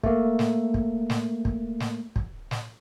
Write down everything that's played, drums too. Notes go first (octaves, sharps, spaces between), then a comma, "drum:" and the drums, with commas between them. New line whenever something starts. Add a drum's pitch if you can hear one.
A3 A#3, drum: kick
drum: snare
drum: kick
drum: snare
drum: kick
drum: snare
drum: kick
drum: snare